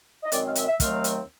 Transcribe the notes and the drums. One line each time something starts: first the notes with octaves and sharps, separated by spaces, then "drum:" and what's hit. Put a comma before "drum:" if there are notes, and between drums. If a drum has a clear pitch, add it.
D#5
F#2 D#3 G#3 C4 D5, drum: hi-hat
F5
E5, drum: hi-hat
E5
D#2 D#3 F#3 A3 C4 F5, drum: kick, hi-hat
drum: hi-hat